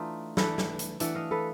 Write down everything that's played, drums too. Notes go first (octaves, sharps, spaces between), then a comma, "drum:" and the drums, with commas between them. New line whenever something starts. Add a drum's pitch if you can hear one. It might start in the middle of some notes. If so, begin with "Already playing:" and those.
Already playing: E3 A3 D4 D#4 F4
E3 A3 D4 A4 B4, drum: snare
drum: snare
drum: hi-hat
E3 A3 D4 F#5, drum: hi-hat
D#5 F5
A4 B4